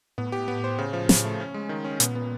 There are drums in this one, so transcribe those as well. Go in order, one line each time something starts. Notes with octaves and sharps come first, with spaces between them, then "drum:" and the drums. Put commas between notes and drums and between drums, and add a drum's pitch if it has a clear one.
A2 B3
G4
B3
C5
C#3
F3
C#3, drum: snare
A3
C#4
G#3
D#3
C#4
A#2 B3, drum: hi-hat
B3